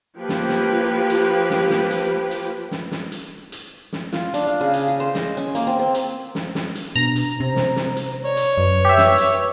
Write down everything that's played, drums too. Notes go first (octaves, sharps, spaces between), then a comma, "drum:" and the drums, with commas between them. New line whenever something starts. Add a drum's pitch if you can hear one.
F3 A#3 G4 B4
drum: snare
drum: snare
drum: hi-hat
drum: snare
drum: snare
drum: hi-hat
drum: hi-hat
drum: snare
drum: snare
drum: hi-hat
drum: hi-hat
drum: snare
F4, drum: snare
D4, drum: hi-hat
F5
C#3
drum: hi-hat
G#4
C5
D#5, drum: snare
C#4
A#3, drum: hi-hat
C4
C4
drum: hi-hat
drum: snare
drum: snare
drum: hi-hat
B2 D4 A#5
drum: hi-hat
C3 C5
drum: snare
drum: snare
drum: hi-hat
C#5 D5
drum: hi-hat
F#2 B4
G4 E5
drum: snare
drum: hi-hat